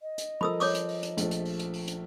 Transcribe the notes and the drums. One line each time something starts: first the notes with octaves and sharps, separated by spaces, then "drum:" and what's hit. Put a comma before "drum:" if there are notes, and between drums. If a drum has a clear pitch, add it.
D#5
drum: hi-hat
F3 A4 A#4 B5 D#6 E6
C#5 D6 D#6, drum: open hi-hat
drum: hi-hat
drum: open hi-hat
drum: hi-hat
A#1 F3 A3, drum: hi-hat
drum: hi-hat
drum: open hi-hat
drum: hi-hat
drum: open hi-hat
drum: hi-hat